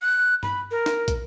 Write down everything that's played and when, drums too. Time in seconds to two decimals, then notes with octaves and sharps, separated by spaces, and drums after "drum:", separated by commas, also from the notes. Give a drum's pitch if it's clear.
0.02 F#6
0.43 B5, drum: tom G2
0.71 A#4
0.86 drum: snare
1.08 drum: kick, hi-hat